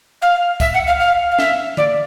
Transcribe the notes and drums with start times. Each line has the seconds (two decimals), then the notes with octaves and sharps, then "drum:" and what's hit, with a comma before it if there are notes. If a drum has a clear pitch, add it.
0.21 F5
0.60 E5, drum: kick, tambourine
0.74 F#5
0.86 F5
0.99 F5
1.31 F5
1.39 E5, drum: snare
1.77 D5, drum: tom D3